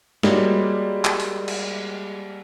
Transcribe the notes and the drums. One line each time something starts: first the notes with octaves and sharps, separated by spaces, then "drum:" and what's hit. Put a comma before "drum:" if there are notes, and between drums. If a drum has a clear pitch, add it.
G3 G#3 A#3 F#4 C#5, drum: snare
drum: clap
drum: open hi-hat
drum: cymbal